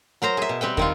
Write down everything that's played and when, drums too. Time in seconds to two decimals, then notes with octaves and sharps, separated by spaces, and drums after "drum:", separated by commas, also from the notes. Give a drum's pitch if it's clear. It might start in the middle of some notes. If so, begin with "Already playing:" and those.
0.22 F#3 A#4 C5 A#5
0.37 G#4 E5
0.49 B2
0.61 G3 C4 B4 G5
0.77 D#3 C4 F4, drum: kick